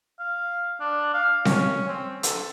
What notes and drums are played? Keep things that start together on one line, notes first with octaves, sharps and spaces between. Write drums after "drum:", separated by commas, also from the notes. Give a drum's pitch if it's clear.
F5
D4
F5
C#4, drum: snare C4
C4
A4, drum: hi-hat